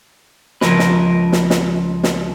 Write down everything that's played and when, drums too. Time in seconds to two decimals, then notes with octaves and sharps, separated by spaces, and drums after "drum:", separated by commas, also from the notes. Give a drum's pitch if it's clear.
0.61 C#2 C3 F3 A#4 B4, drum: snare
0.79 drum: snare
1.32 drum: snare
1.50 drum: snare
2.03 drum: snare